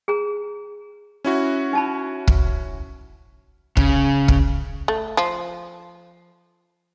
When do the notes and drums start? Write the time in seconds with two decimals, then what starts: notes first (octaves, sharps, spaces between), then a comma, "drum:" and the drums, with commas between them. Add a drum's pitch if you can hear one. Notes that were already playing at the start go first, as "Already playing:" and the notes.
0.08 G#4 A#5
1.25 C#4 E4 F#4
1.73 D#4 A5 B5
2.28 drum: kick
3.77 C#3, drum: kick
4.28 drum: kick
4.88 A3
5.17 F3